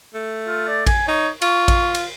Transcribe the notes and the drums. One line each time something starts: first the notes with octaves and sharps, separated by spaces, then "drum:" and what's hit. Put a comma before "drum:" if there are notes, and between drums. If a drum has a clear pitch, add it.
A3
F4
D5
G#5, drum: kick A1, cymbal
D#4 C#5
F4 C#6, drum: cymbal
drum: kick A1, cymbal
drum: cymbal